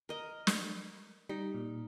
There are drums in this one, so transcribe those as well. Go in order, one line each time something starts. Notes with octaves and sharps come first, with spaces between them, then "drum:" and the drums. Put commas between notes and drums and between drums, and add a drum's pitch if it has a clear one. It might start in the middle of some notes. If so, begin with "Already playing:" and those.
A#4 D#5
drum: snare
G3 D#4
A#2